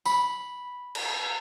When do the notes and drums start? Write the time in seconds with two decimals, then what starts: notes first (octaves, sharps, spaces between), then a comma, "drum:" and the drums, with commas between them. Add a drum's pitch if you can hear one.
0.05 B5, drum: tambourine
0.95 drum: cymbal